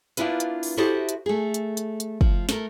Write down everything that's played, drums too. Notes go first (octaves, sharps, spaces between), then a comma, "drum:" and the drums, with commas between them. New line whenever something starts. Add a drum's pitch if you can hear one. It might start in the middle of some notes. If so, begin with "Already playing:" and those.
A#3 B3 D4 E4 F4 B4, drum: hi-hat
drum: hi-hat
drum: open hi-hat
E4 F#4 G4 A4 C5 D#5
drum: hi-hat
A3 G#4
drum: hi-hat
drum: hi-hat
drum: hi-hat
F3, drum: kick
A3 A#4, drum: snare